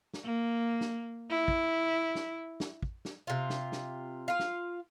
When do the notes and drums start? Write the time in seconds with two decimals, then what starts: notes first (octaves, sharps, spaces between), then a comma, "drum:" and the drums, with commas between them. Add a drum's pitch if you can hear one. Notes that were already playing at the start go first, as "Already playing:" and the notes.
0.14 drum: snare
0.24 A#3
0.81 drum: snare
1.31 E4
1.48 drum: kick
2.15 drum: snare
2.60 drum: snare
2.82 drum: kick
3.05 drum: snare
3.27 C3 F4
3.50 drum: snare
3.72 drum: snare
4.28 F4 F5
4.39 drum: snare